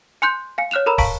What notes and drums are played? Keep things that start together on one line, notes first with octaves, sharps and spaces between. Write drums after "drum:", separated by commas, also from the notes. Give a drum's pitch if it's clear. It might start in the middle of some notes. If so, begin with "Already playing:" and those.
G#5 C6 F#6 G6
F5 G#5
C#5 F6 F#6 E7 F7
A4 A#4 A#5 B5 E6
F5 A5 A#5 C#6 B6, drum: kick, open hi-hat